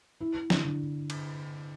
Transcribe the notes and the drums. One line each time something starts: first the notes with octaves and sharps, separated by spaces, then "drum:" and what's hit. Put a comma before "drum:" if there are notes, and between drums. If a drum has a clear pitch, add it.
E4
E4
D3, drum: snare
D3
drum: cymbal